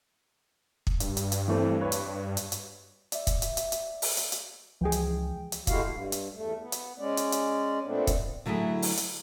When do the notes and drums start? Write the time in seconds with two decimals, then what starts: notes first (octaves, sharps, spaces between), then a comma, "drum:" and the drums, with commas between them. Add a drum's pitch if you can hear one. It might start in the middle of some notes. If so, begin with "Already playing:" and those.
0.87 drum: kick
1.00 G2, drum: hi-hat
1.17 drum: hi-hat
1.32 drum: hi-hat
1.48 E3 A3 C4
1.81 B4 C#5
1.92 drum: hi-hat
2.37 drum: hi-hat
2.52 drum: hi-hat
3.12 D5 E5, drum: hi-hat
3.27 drum: kick, hi-hat
3.42 drum: hi-hat
3.57 drum: hi-hat
3.72 drum: hi-hat
4.02 drum: open hi-hat
4.17 drum: hi-hat
4.32 drum: hi-hat
4.81 C#2 E3 F3 G#4 G5
4.92 drum: hi-hat
5.52 drum: hi-hat
5.67 G#3 A3 E4 F#4 G4 F5, drum: kick, hi-hat
5.90 G2
6.12 drum: hi-hat
6.34 E2 A3
6.60 B3
6.72 drum: hi-hat
6.99 G#3 C#4 D5
7.17 drum: hi-hat
7.32 drum: hi-hat
7.85 A#2 A3 B3 C4 D4
8.07 drum: kick, hi-hat
8.46 D3 F#3 A3 E4 G#4
8.82 drum: open hi-hat
8.97 drum: hi-hat